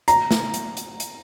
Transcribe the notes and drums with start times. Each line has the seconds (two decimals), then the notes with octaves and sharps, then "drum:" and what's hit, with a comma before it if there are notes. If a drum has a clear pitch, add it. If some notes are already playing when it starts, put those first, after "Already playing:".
0.08 A#5, drum: hi-hat
0.31 drum: snare
0.54 drum: hi-hat
0.77 drum: hi-hat
1.00 drum: hi-hat